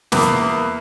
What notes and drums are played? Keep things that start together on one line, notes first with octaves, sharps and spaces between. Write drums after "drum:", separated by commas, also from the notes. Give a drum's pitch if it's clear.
E2 A#3, drum: snare